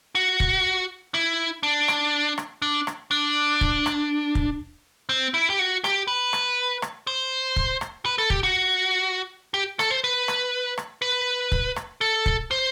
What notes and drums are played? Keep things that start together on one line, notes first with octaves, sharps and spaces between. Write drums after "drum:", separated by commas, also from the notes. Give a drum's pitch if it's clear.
F#4
drum: kick
E4
D4
drum: rim click
drum: rim click
D4
drum: rim click
D4
drum: kick
drum: rim click
drum: kick
C4
E4
G4
F#4
G4, drum: rim click
B4
drum: rim click
drum: rim click
C5
drum: kick
drum: rim click
B4
A4
G4, drum: kick
F#4
G4
A4, drum: rim click
C5
B4
drum: rim click
drum: rim click
B4
drum: kick
drum: rim click
A4
drum: kick
C5